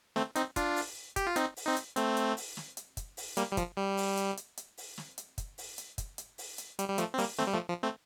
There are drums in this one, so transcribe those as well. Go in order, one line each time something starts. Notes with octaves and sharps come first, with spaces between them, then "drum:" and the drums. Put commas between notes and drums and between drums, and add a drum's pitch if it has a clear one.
A3 C4, drum: snare
C4 D#4, drum: hi-hat
D4 F4, drum: kick, hi-hat
drum: open hi-hat
G4, drum: kick, hi-hat
F4
C4 D#4, drum: hi-hat
drum: open hi-hat
C4 D#4
drum: hi-hat
A3 C4, drum: hi-hat
drum: hi-hat
drum: open hi-hat
drum: snare
drum: hi-hat
drum: kick, hi-hat
drum: open hi-hat
G3 A#3, drum: hi-hat
G3
F3, drum: kick, hi-hat
G3
drum: open hi-hat
drum: hi-hat
drum: hi-hat
drum: hi-hat
drum: open hi-hat
drum: snare
drum: hi-hat
drum: kick, hi-hat
drum: open hi-hat
drum: hi-hat
drum: kick, hi-hat
drum: hi-hat
drum: open hi-hat
drum: hi-hat
G3, drum: hi-hat
G3
F3 A3, drum: hi-hat
C4
G3 A#3, drum: open hi-hat
A3 C4, drum: snare
G3
F3 A3
F3
A3 C4